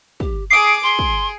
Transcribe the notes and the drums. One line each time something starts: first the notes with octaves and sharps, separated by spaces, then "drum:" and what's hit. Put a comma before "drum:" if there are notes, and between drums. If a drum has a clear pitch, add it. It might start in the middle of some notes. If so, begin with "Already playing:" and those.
G4, drum: kick
G#4 D6 D#6 C7 D7
G#4 C6
drum: kick